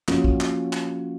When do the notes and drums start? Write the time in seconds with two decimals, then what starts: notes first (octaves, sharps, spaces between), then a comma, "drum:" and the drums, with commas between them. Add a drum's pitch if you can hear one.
0.08 F3 A#3 C#4 F4 F#4, drum: clap
0.24 drum: kick
0.40 drum: clap
0.73 drum: clap